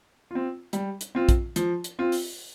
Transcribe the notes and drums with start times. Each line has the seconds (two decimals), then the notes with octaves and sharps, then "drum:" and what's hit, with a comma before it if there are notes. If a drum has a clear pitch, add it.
0.31 C4 F4
0.73 G3, drum: hi-hat
1.01 drum: hi-hat
1.15 C4 F4
1.29 drum: kick A#1, hi-hat
1.56 F3, drum: hi-hat
1.84 drum: hi-hat
1.99 C4 F4
2.12 drum: open hi-hat